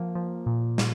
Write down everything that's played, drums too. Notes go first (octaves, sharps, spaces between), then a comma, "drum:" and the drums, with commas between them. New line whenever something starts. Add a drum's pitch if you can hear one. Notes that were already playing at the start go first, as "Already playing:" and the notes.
Already playing: F3 A#3
F3
A#2
A#2, drum: snare